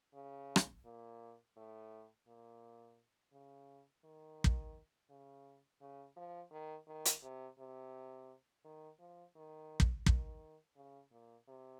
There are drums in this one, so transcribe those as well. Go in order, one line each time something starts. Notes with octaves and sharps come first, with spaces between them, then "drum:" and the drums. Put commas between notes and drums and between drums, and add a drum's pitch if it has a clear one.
C#3
drum: rim click
A#2
A2
A#2
C#3
D#3
drum: kick
C#3
C#3
F3
D#3
D#3
drum: hi-hat
C3
C3
D#3
F3
D#3
drum: kick
D#3, drum: kick
C#3
A#2
C3